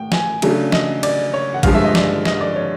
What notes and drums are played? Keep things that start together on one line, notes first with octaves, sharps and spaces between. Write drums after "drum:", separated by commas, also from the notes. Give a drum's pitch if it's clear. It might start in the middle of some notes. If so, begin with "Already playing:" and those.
Already playing: A2 G5
G#5, drum: snare
C#3 F#3 A3 D4, drum: cymbal
D#5, drum: snare
D5, drum: cymbal
C#5
F#5
G2 D3 F3 G#3 F5, drum: kick A1, cymbal
E5
D#5
D5, drum: snare
D#5, drum: snare
D5
C#5